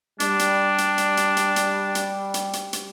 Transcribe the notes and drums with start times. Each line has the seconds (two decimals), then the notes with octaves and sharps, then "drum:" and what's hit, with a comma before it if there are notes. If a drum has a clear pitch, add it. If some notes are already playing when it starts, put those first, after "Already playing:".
0.20 G3 D4, drum: hi-hat
0.39 drum: hi-hat
0.78 drum: hi-hat
0.98 drum: hi-hat
1.17 drum: hi-hat
1.37 drum: hi-hat
1.56 drum: hi-hat
1.95 drum: hi-hat
2.34 drum: hi-hat
2.53 drum: hi-hat
2.73 drum: hi-hat